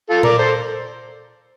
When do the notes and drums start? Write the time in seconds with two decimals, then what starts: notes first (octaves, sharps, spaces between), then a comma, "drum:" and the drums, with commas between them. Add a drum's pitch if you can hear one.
0.10 F4 A4
0.23 A#4 D5, drum: tom A#2
0.38 A4 C5